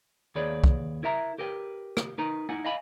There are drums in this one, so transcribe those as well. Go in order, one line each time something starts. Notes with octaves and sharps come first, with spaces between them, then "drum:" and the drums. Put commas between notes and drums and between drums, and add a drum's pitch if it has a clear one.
D#2 G#4 B4 C#5 D5
drum: kick
E4 A#4 E5 A#5
G4 A#4 B4 G5
drum: rim click
D#4 A#4 B4 A#5
D#4 E4 F#5 G#5
D#5 F5 G#5 B5